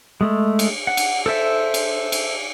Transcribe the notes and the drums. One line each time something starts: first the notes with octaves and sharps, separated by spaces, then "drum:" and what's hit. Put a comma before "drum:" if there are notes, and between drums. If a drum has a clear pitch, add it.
G#3 A3
drum: cymbal
F#5
drum: cymbal
A4 C5 E5
drum: cymbal
drum: cymbal